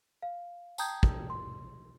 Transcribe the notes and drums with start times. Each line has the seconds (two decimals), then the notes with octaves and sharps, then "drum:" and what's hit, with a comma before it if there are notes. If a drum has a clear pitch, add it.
0.22 F5
0.78 G5 A5 A#5 D#6 G6 G#6, drum: tambourine
1.03 drum: kick
1.30 C6